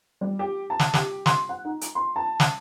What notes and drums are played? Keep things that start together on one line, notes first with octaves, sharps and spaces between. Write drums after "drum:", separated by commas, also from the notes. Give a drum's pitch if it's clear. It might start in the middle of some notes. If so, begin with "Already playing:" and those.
G3
G4
A5
drum: snare
G4, drum: snare
C6, drum: snare
F#5
D#4
drum: hi-hat
C6
A5
drum: snare